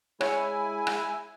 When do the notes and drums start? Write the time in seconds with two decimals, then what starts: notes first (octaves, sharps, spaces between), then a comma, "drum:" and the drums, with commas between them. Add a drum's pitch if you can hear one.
0.21 G#3 E4 C#5 G#5, drum: rim click
0.87 drum: rim click